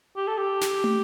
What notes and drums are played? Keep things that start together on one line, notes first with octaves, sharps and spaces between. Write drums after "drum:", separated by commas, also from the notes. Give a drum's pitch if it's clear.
G4
A4
G4
drum: snare
drum: tom